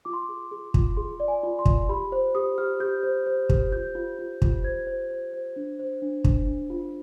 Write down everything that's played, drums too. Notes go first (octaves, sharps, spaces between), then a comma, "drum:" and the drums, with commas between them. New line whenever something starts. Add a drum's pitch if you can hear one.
F4 D6
C6
D6
G#4
G#4
F4, drum: kick
G#4 C6
D5
G#5
F4
C6
F4, drum: kick
G4 B5
C5
G4 D#6
G4 F6
G4 G6
C5
C5
G4, drum: kick
F4 G6
F4
F4
F4, drum: kick
C5 G#6
C5
C5
C5
D4
C5
D4
D4, drum: kick
D4
F4